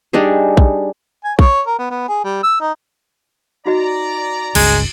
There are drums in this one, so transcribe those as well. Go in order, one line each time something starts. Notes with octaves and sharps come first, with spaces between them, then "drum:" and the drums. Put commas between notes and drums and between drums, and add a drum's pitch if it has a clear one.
G3 D4 D#4 G#4
drum: kick A#1
G#5
C#5, drum: kick A#1
A#4
B3
B3
G#4
G3
E6
D#4
D#4 F#4 D5 D#5 A#5
G1 C#2 G#3, drum: cymbal